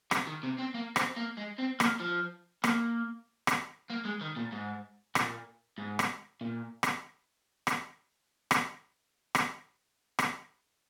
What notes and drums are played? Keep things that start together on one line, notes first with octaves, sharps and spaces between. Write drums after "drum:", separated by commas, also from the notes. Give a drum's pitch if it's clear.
C3, drum: rim click
D#3
C3
C4
A#3
C4, drum: rim click
A#3
G#3
C4
A#3, drum: rim click
F3
A#3, drum: rim click
drum: rim click
A#3
G#3
D#3
A#2
G#2
A#2, drum: rim click
G#2
drum: rim click
A#2
drum: rim click
drum: rim click
drum: rim click
drum: rim click
drum: rim click